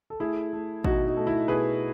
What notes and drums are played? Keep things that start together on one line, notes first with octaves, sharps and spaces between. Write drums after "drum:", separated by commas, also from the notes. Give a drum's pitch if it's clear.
A4
A3 E4 G#4
A3
B2 D#4 F#4, drum: kick G#1
D#4
A3
E4
B2 G#4 B4